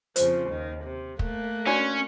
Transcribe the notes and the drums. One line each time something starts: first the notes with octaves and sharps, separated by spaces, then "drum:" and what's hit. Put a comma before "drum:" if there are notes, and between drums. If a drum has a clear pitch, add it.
F2 C#3 F3 C5, drum: hi-hat
D#2 D#3
C3
A3 A#3 F#6, drum: kick
C#4 D4 F#4 D5